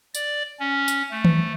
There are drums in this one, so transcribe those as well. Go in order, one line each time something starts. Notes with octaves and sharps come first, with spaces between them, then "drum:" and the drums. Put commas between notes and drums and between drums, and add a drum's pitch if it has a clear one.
D5, drum: tambourine
C#4
drum: tambourine
A3
drum: tom D#3